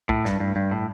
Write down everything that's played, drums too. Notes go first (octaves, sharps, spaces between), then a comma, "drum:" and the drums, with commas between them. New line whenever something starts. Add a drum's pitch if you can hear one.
A2, drum: kick
G2, drum: snare
G2
G2
A2